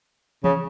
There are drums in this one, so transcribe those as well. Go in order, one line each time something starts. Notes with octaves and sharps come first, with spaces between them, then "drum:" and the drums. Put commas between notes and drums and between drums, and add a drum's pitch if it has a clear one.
C#3, drum: tom E3